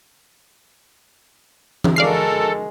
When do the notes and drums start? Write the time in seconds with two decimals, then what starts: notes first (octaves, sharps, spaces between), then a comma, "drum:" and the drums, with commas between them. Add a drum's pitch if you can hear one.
1.84 drum: tom E3
1.96 G#3 F#4 A4 A#4 D5 F5 C7